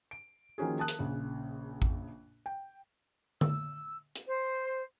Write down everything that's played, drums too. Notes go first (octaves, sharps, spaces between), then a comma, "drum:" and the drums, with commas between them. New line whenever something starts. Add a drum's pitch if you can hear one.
D7
D#3 F3 A#3 C#4 F#4 G#4
A#4 A5 D#6 F#6
drum: hi-hat
A#1 C#3
drum: kick A1
G5
E6, drum: tom D3
drum: hi-hat
C5